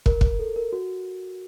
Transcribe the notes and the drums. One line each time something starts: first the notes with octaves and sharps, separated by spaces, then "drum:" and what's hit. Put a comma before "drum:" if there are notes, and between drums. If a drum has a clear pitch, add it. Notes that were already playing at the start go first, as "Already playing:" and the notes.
A#4, drum: kick
drum: kick
A4
A#4
F#4